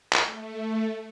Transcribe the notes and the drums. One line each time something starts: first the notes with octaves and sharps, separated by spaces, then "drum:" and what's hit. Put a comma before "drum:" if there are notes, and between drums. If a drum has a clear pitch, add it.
drum: clap
A3